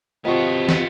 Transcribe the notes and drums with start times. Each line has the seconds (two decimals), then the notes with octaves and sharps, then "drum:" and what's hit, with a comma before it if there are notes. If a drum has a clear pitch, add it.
0.25 C3 D#3 F3 B3 F4 F#4
0.69 drum: snare